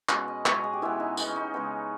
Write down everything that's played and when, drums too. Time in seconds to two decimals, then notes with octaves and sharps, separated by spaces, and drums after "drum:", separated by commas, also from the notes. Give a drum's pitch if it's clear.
0.09 B2 G#3 C#4 B4, drum: clap
0.28 D#5
0.46 B2 G#3 C#4 C#5, drum: clap
0.54 D#5
0.64 G#4
0.73 G4
0.82 E3 G#3 B3 E4
1.00 D#4
1.17 E3 G#3 B3 D#4, drum: tambourine
1.27 C#4
1.36 D#4
1.54 C#3 G#3 B3